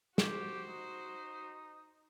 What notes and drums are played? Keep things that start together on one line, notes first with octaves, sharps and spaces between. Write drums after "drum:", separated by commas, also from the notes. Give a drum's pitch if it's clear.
F#4 G4 C5, drum: snare
D#4